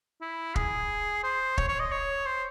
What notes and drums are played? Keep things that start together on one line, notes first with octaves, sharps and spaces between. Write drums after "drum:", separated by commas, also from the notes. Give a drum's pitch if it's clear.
E4
G#4, drum: kick
C5
C#5, drum: kick
C#5
D#5
C#5
C5